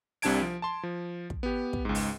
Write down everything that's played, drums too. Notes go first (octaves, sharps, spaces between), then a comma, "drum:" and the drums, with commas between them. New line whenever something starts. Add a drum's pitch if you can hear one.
C2 C3 D4 A5 G#6 D7, drum: open hi-hat
F3
A5 C6
F3
drum: kick
B3 G4
drum: kick
C#2 G#2
drum: open hi-hat